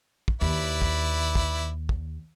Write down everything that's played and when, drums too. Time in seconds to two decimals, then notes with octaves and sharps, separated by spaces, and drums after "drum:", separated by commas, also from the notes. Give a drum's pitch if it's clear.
0.28 drum: kick
0.41 D#2 E4 B4 D5
0.82 drum: kick
1.35 drum: kick
1.89 drum: kick